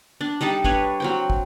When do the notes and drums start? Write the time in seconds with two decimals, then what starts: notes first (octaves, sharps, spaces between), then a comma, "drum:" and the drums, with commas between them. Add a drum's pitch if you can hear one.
0.21 D4
0.41 G3 D#4 A4 A5
0.64 D4 B4 C#5, drum: kick
1.00 F#3 C4 G5
1.30 drum: kick